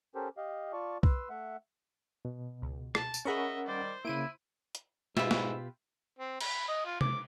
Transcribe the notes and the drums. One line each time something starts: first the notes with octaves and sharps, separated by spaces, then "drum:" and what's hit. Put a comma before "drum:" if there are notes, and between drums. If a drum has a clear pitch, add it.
C#4 G4 A4 A#4 C5
G4 D#5 F5
F4 D5 A5 C#6
B4 C6 E6, drum: kick B1
A3 E5 F#5
B2
C#2
A5, drum: rim click
drum: tambourine
C#4 G#4 A#4 D#5 E5 F#5 B5 C#6
D#3 G3 C5 D5
C#3 A#3 E4 D7 D#7
drum: hi-hat
G#2 B2 F4 G4 B4 E5, drum: snare
drum: snare
C4
B5, drum: cymbal
D#5
F4
D6, drum: tom C3